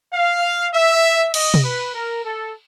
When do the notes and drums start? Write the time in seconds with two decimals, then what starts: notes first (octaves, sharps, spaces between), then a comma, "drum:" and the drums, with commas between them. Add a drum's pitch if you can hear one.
0.14 F5
0.74 E5
1.34 D#5, drum: cymbal
1.54 drum: tom
1.64 B4
1.94 A#4
2.25 A4